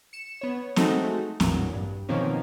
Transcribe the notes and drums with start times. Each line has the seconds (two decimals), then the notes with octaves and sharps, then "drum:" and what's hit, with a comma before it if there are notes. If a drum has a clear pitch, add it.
0.13 C#7 E7
0.41 B3 C#5
0.76 G#3 A3 C4 D#4 F#4 A4, drum: snare C4
1.40 A1 E2 A#2 F#3, drum: snare C4
1.73 G2
2.09 B2 D#3 F3 A#3 C4 C#4